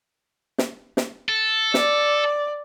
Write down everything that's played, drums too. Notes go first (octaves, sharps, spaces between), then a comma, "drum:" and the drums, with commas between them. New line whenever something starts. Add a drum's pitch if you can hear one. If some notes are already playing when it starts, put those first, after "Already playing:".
drum: snare
drum: snare
A4
D5, drum: snare